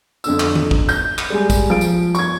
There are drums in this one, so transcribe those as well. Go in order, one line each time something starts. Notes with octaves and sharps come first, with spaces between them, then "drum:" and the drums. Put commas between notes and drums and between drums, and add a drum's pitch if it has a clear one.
F2 D3 E6, drum: tambourine
drum: clap
drum: tom D3
drum: kick
G6, drum: tambourine
drum: clap
G3 G#3 G#4
drum: kick, tambourine
F3 D7
drum: tambourine
C#6 G#6, drum: tambourine